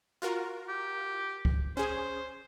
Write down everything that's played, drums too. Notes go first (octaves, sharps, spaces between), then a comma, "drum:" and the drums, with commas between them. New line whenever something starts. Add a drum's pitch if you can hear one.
F4 F#4 A#4
G4
drum: kick C#2
C#4 G#4 C5